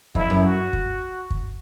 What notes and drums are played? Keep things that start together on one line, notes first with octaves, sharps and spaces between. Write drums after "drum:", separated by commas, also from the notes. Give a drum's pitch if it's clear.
F2 E4, drum: kick
F#2
F#4
drum: kick
drum: kick